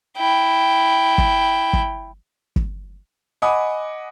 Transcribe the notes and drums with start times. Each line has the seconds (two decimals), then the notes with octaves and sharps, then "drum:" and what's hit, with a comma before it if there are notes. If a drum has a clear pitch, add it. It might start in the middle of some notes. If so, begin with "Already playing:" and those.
0.18 E4 G5
1.18 drum: kick
1.73 drum: kick
2.56 drum: kick
3.42 D#5 F#5 G#5 B5 D6 D#6